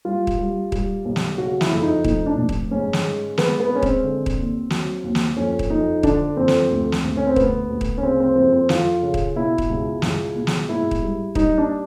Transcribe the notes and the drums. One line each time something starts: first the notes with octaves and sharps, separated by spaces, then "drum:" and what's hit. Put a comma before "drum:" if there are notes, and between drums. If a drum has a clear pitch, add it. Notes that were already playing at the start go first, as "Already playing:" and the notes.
G3 F4
drum: kick D#1
G3
G3, drum: kick D#1
B1
drum: snare
C#3 F#4
E4, drum: snare
F2
E4
D#4
F1 D#4, drum: kick D#1
D4
F1
drum: kick D#1
G#2 C#4
drum: snare
G#3
G#3 B3, drum: snare
B3
G#3 C#4
C4, drum: kick D#1
D3
drum: kick D#1
D#2
F#3, drum: snare
D#2
drum: snare
F2 C#4
drum: kick D#1
F2 D#4
D3 D4, drum: kick D#1
F2 C4
drum: snare
D2
drum: snare
D2
C#4
C4
D2 B3, drum: kick D#1
D2
drum: kick D#1
C#4
C#3 C4
C4
F2 C4
C4
F2 F4, drum: snare
C#3
drum: kick D#1
B2 E4
drum: kick D#1
C#2
C#2, drum: snare
B2
drum: snare
G#2 E4
drum: kick D#1
G3
G3 D#4, drum: kick D#1
D4